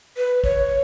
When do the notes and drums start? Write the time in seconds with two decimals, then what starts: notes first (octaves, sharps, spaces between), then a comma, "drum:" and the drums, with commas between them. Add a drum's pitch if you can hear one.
0.17 B4
0.44 C#5, drum: kick